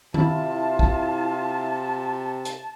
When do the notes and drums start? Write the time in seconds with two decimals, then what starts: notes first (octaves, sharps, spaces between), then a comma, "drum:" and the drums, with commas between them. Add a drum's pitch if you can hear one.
0.14 C3 E4 F4 A5, drum: tom D#3
0.79 drum: kick
2.45 drum: hi-hat